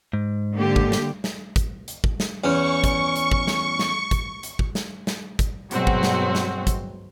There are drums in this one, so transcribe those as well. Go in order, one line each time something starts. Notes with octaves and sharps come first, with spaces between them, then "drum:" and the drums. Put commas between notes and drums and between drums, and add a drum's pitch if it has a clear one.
G#2
D3 A#3 G4
drum: kick
drum: snare
drum: snare
drum: kick, hi-hat
drum: hi-hat
drum: kick
drum: snare
E2 C#4 C#6
drum: kick, hi-hat
drum: hi-hat
drum: kick
drum: snare
drum: snare
drum: kick, hi-hat
drum: hi-hat
drum: kick
drum: snare
drum: snare
drum: kick, hi-hat
G2 B2 F#3 G#3 C4 F#4, drum: hi-hat
drum: kick
drum: snare
drum: snare
drum: kick, hi-hat